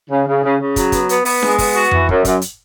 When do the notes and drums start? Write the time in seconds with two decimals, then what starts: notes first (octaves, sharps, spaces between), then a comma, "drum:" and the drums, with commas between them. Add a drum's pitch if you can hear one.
0.10 C#3
0.27 C#3
0.43 C#3
0.59 C#3
0.76 F#3, drum: kick, hi-hat
0.92 B3, drum: kick, hi-hat
1.09 B3, drum: hi-hat
1.25 B3, drum: open hi-hat
1.43 G#3, drum: snare D4
1.58 B3, drum: kick, open hi-hat
1.75 F#4
1.91 E3, drum: tom F2
2.09 F#2, drum: kick
2.25 F#2, drum: kick, hi-hat
2.42 drum: hi-hat